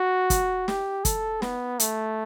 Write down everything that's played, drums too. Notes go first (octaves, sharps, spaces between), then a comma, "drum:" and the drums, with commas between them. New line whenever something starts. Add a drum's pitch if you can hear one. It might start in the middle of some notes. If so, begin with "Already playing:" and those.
Already playing: F#4
drum: kick, hi-hat
G4, drum: snare
A4, drum: kick, hi-hat
B3, drum: snare
A3, drum: hi-hat